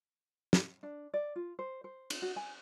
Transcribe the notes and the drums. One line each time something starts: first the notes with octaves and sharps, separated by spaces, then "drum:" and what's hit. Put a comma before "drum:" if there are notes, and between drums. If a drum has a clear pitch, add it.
drum: snare
D4
D5
F4
C5
C5
drum: cymbal
F#4
G#5